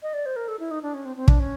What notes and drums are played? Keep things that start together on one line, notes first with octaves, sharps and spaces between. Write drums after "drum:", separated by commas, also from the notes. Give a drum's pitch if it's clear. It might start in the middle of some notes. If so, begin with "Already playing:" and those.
D#5
D5
C5
A#4
A4
E4
D#4
D4
C#4
C4
C4
D4, drum: kick
C#4